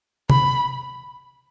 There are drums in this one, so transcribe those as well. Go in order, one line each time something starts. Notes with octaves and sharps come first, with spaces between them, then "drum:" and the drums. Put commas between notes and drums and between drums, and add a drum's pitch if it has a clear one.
B5, drum: tom C3